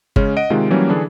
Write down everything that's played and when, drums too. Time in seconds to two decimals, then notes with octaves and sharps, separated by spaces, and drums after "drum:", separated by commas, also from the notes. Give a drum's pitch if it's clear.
0.16 C#3 G#3 C#4, drum: kick G1
0.37 D#5 F#5 D7
0.50 C3 D#3 G#3 F4
0.70 E3 F#3 G3 A#3 C#4
0.89 D3 E3 D4 G#4 A4